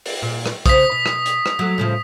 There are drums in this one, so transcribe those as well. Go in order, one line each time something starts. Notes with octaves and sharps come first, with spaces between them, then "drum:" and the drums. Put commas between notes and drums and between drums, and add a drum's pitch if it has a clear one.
drum: open hi-hat
A#2
drum: rim click
C#3 C5 D#6 B6, drum: kick, hi-hat
B2
drum: rim click
drum: hi-hat
drum: rim click
F#3 A3
A2 C#3 F3